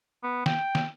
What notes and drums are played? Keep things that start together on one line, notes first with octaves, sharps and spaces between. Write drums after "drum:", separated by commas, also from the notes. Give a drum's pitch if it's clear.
B3
G5, drum: snare
drum: snare